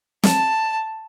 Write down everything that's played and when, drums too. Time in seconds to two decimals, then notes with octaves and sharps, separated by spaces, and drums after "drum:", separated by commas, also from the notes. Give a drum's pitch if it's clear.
0.23 A5, drum: snare